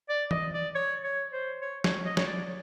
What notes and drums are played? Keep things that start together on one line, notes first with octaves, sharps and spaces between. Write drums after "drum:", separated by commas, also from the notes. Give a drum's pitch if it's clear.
D5
D#5, drum: tom E3
D5
C#5
C#5
C5
C#5
C#5, drum: snare
D#5
C#5, drum: snare
D5